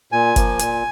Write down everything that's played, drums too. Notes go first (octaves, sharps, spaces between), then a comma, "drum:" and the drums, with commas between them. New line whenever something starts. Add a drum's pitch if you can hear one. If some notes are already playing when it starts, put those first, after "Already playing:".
A#2 G#5
F3 A#3, drum: kick F#1, hi-hat
A#2, drum: hi-hat